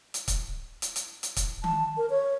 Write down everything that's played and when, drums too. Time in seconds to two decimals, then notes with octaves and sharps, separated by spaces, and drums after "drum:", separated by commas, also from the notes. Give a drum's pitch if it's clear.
0.14 drum: hi-hat
0.28 drum: kick C#1, hi-hat
0.82 drum: hi-hat
0.96 drum: hi-hat
1.23 drum: hi-hat
1.37 drum: kick C#1, hi-hat
1.64 A5, drum: tom D#3
1.97 A#4
2.10 C#5